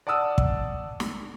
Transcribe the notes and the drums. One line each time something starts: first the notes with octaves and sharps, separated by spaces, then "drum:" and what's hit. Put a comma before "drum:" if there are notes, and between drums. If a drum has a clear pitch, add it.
D5 F#5 A5 D#6 E6
drum: kick
drum: snare